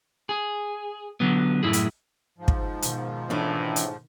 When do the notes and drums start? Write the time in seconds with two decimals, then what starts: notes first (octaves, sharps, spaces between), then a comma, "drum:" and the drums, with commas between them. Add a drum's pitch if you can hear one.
0.29 G#4
1.20 D3 F#3 B3
1.63 F#2 A2 C#3 E4 G#4
1.73 drum: hi-hat
2.38 G#2 F3
2.48 drum: kick
2.82 B2 D#3, drum: hi-hat
3.30 A1 A2 E3 C#4 D4
3.76 drum: hi-hat